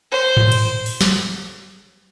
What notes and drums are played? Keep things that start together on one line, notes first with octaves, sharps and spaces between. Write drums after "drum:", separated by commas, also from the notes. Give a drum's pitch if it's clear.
C5
drum: tom G#2
drum: cymbal
drum: open hi-hat
drum: snare